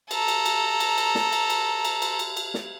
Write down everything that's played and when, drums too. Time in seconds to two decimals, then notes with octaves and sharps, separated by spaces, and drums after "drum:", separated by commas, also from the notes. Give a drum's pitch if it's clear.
0.11 A4 A#5, drum: cymbal
0.28 drum: cymbal
0.46 drum: cymbal
0.80 drum: cymbal
0.98 drum: cymbal
1.15 drum: snare
1.32 drum: cymbal
1.50 drum: cymbal
1.85 drum: cymbal
2.02 drum: cymbal
2.19 drum: cymbal
2.37 drum: cymbal
2.54 drum: snare